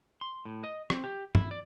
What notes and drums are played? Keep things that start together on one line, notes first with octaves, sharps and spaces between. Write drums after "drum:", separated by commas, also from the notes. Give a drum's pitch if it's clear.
C6
A2
D#5
C4, drum: rim click
G4
E4, drum: tom
D5